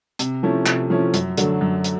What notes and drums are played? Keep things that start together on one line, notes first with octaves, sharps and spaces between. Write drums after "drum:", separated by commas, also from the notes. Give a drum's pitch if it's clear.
C3, drum: hi-hat
F3 A3 C#4 E4
C3, drum: clap
F3 A3 C#4 E4
F#2, drum: hi-hat
D3 F#3 A3, drum: hi-hat
F#2
drum: hi-hat